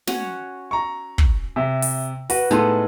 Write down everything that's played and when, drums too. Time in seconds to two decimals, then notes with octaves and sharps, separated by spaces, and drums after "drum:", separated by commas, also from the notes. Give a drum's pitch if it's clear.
0.07 C#4 F#4 C#5, drum: snare
0.71 A#5 C#6
1.18 drum: kick
1.56 C3 E5
1.82 drum: open hi-hat
2.30 F#4 B4, drum: open hi-hat
2.51 A2 G#3 B3 D#4 A4 C6